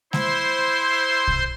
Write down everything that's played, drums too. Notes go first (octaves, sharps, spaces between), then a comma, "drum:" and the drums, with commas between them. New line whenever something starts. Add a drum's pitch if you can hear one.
E4 C5 C6, drum: snare G#3
drum: kick